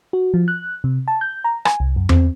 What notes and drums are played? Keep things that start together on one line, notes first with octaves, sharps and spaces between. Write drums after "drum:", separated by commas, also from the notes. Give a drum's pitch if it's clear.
F#4
F3
F#6
C3
A5
G6
A#5
G#5, drum: rim click
C2
F#2
C4, drum: tom E2